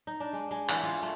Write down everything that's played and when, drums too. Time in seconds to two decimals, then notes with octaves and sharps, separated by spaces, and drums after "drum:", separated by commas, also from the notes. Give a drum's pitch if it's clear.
0.07 D#4
0.20 D4
0.33 G#3
0.51 G#3
0.69 E3, drum: clap
0.83 F4
1.02 A3